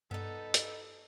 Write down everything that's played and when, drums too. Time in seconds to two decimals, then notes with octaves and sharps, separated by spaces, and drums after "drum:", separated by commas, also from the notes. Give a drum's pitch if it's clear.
0.11 G2 B3 D#4 A4
0.54 drum: hi-hat